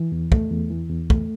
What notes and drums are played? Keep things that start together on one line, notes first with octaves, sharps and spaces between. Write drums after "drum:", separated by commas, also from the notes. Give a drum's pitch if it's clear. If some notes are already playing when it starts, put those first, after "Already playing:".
Already playing: E3
E2
A3, drum: kick
E2
E3
E2
A3, drum: kick